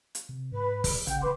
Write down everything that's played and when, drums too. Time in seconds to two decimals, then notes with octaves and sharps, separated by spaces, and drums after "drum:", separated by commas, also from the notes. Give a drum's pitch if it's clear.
0.15 drum: hi-hat
0.29 C3
0.52 G#2 B4
0.84 drum: kick, open hi-hat
1.07 A1 C#3 F#5 G5 G6, drum: hi-hat
1.20 E1 B4 C6 D6